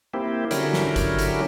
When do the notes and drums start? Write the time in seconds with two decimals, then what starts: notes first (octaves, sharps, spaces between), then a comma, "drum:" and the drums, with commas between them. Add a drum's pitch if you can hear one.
0.14 A#3 C4 E4 G4
0.51 D3 F#3 C#4 E4 G4 A#4, drum: hi-hat
0.73 drum: snare
0.96 drum: kick G1, hi-hat
1.19 drum: hi-hat